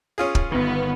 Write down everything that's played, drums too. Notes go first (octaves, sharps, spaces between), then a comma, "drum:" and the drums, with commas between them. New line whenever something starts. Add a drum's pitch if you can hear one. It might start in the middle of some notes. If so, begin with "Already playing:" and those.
C#4 F4 G#4
drum: kick
G1 D#3 B3